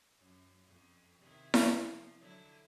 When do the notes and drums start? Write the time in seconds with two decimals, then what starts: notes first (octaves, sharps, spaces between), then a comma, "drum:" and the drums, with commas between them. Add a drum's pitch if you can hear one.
0.19 F#2
0.68 F2
1.20 C3 D#3 E4
1.54 drum: snare E4
1.78 F3
2.20 D3 F#3 E4